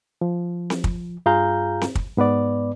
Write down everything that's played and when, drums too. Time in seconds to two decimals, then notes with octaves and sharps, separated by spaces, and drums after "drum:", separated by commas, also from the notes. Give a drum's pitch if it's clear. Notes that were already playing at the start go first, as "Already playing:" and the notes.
0.21 F3
0.70 drum: snare C4
0.84 drum: kick
1.26 G2 F4 G#4 F5 A#5 G6
1.81 drum: snare C4
1.95 drum: kick
2.17 G#2 B3 B4 D5